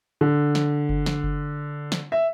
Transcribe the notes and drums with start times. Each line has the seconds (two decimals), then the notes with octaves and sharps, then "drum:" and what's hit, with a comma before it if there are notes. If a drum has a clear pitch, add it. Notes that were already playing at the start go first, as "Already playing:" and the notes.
0.21 D3
0.55 drum: snare
0.89 drum: kick F#1
1.06 drum: snare
1.23 drum: kick F#1
1.92 drum: snare
2.12 E5